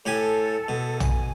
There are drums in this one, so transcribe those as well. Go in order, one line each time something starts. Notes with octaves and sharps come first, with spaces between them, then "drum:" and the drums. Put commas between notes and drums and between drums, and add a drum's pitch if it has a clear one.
A2 G4 A4 G#5
B2
G#5, drum: tom